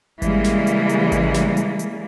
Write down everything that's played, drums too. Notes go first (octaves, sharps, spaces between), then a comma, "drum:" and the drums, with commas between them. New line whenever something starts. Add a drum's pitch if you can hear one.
C#3 E3 G3 G#3 A#3, drum: kick G#1, hi-hat
drum: snare
drum: hi-hat
drum: hi-hat
drum: kick G#1, hi-hat
drum: snare
drum: hi-hat
drum: hi-hat